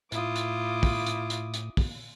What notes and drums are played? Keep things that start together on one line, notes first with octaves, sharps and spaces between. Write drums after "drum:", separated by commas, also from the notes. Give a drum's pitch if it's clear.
A2 E4 F4 D6 D#6, drum: hi-hat
drum: hi-hat
drum: kick, open hi-hat
drum: hi-hat
drum: hi-hat
drum: hi-hat
drum: kick, open hi-hat